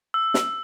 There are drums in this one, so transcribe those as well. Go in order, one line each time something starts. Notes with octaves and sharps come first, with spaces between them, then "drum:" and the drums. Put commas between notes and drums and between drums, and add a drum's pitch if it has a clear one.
E6
drum: snare